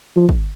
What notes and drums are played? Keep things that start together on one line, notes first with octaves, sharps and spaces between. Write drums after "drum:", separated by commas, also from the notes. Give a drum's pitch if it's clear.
F3
drum: kick